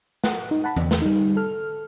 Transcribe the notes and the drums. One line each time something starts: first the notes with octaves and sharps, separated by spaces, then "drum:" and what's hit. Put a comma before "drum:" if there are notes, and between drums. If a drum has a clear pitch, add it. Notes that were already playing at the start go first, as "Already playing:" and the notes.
F#5, drum: snare
D#4
F#5 A5 B5
E2, drum: tom D3
drum: snare
G3 D#4
A4 F6